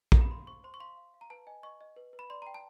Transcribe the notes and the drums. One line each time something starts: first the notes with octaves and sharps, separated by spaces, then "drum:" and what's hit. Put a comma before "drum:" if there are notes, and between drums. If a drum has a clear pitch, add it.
A#5, drum: kick A#1
B5
F5 C6
C5 C#6
C5 C6
C#6
F5 C6
F5
F5
A#5
B4 A5
D#5 G#5
D#5 C#6
D#5
B4
B4
B5
D5 C6
G5 A#5
A5